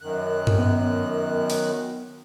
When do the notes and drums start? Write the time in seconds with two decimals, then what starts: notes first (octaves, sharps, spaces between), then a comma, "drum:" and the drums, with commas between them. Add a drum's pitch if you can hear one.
0.01 F#2 D#3 F#6
0.47 drum: tom G2
0.58 B3
1.50 drum: open hi-hat